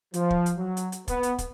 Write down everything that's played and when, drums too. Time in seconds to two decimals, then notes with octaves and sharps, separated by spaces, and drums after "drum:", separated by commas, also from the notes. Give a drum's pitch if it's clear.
0.14 F3, drum: hi-hat
0.30 drum: kick
0.46 drum: hi-hat
0.57 F#3
0.77 drum: hi-hat
0.92 drum: hi-hat
1.08 B3, drum: kick, hi-hat
1.23 drum: hi-hat
1.38 drum: kick, hi-hat